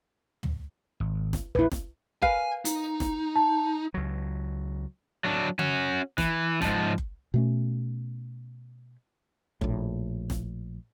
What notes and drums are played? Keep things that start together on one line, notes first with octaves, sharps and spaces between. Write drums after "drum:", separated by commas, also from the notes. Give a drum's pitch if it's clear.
drum: tom
G#1
drum: snare
A#1 D#2 A#2 E4 B4
drum: snare
A#4 B4 F5 G#5, drum: kick F#1
D#4, drum: hi-hat
drum: snare
A5
C#2 F#3
F#3 D4
C#4 F#4, drum: tom C#3
E3, drum: snare
G#2 F3, drum: snare
drum: kick F#1
B2 A3 C#4
A#1 A2, drum: kick F#1
drum: snare